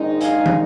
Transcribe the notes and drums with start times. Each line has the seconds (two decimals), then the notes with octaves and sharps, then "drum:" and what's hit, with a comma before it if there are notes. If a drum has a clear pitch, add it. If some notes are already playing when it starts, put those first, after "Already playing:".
Already playing: A#1 G#2 D#3 G#3 D#4
0.21 F5 G#5, drum: hi-hat
0.46 drum: tom